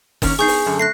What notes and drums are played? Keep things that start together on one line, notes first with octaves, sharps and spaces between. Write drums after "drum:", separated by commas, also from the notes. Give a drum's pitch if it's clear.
D#3 A#3 C#4, drum: kick F#1, open hi-hat
B3 D#4 G#4 C#6 G6 C7
drum: open hi-hat
F#2 D3 A4
A3 F#6 A#6 C7